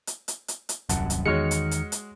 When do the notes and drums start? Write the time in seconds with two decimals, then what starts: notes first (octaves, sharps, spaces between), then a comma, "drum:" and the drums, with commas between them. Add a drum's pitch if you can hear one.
0.07 drum: hi-hat
0.28 drum: hi-hat
0.48 drum: hi-hat
0.69 drum: hi-hat
0.89 D#1 C2 F#2 F#5 A5, drum: hi-hat
1.10 drum: hi-hat
1.26 E2 D#3 G#3 F#4 C#5 F6 C#7
1.51 drum: hi-hat
1.71 drum: hi-hat
1.92 drum: hi-hat